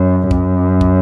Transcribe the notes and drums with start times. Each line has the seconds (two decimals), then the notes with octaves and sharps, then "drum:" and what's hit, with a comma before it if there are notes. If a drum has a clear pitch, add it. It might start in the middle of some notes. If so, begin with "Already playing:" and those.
Already playing: F#2
0.31 F#2, drum: kick
0.81 drum: kick